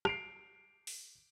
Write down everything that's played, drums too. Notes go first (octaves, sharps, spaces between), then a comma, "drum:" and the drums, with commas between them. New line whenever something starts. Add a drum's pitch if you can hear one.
C7 D7 F7, drum: rim click
drum: open hi-hat